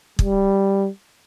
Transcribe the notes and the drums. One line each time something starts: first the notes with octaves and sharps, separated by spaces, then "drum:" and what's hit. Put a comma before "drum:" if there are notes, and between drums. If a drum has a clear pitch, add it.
G3, drum: kick